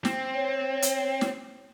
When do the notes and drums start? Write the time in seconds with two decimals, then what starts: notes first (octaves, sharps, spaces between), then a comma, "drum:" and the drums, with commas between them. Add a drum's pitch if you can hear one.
0.05 C4, drum: snare
0.35 C#5
0.82 drum: hi-hat
1.21 drum: snare